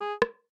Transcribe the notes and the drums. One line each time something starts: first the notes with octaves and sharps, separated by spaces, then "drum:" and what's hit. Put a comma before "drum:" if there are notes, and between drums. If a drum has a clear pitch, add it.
G#4
drum: rim click